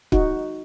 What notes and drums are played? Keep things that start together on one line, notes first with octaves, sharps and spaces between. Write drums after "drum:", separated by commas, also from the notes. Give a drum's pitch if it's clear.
D#4 F#4, drum: kick